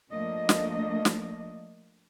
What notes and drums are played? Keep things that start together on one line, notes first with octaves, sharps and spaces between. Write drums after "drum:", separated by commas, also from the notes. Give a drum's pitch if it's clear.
F3 A3 A#3 D4 D#5
drum: snare
drum: snare